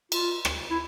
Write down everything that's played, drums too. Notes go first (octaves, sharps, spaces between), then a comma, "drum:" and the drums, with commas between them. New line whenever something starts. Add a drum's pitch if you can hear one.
F4, drum: cymbal
drum: rim click
E4